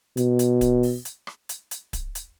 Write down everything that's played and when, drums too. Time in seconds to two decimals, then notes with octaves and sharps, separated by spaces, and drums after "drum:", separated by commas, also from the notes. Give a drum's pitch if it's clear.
0.17 B2, drum: hi-hat
0.39 drum: hi-hat
0.61 drum: kick D1, hi-hat
0.83 drum: open hi-hat
1.05 drum: hi-hat
1.27 drum: rim click
1.49 drum: hi-hat
1.71 drum: hi-hat
1.93 drum: kick D1, hi-hat
2.15 drum: hi-hat